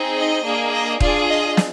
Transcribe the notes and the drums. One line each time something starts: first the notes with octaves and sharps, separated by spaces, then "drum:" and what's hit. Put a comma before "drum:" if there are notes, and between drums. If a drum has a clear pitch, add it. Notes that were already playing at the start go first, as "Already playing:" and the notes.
Already playing: C4 D#4 G#4
D#5
A#3 D4 G#4
D#5
D4 F4 G#4 D5, drum: kick D#1
D#5
drum: snare